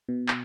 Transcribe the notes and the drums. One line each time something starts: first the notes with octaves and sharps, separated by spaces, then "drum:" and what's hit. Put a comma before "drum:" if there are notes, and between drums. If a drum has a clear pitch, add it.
B2
drum: clap